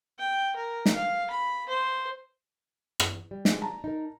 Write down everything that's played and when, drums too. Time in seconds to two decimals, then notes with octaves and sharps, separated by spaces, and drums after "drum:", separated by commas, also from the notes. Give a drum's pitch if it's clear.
0.19 G5
0.56 A#4
0.86 drum: snare
0.95 F5
1.30 B5
1.69 C5
3.00 drum: rim click
3.31 G3
3.45 G#3, drum: snare
3.62 A5 A#5
3.84 D#4 A#4